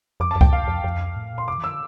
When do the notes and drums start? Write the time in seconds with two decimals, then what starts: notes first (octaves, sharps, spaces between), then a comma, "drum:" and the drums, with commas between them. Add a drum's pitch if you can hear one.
0.20 F2 D6
0.31 A5
0.36 F2
0.41 G5, drum: kick C#2
0.53 F5
0.67 F2
0.84 F2
1.16 A2
1.32 A#2
1.38 C6
1.47 C3 D6
1.58 E3
1.64 E6
1.69 D3